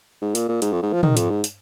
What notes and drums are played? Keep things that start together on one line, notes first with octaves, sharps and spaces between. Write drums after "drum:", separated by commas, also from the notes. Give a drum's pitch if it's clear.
G#2
A#2, drum: hi-hat
A#2
G#2, drum: hi-hat
F2
G#2
F3
D#3, drum: tom
F2, drum: hi-hat
G#2
drum: hi-hat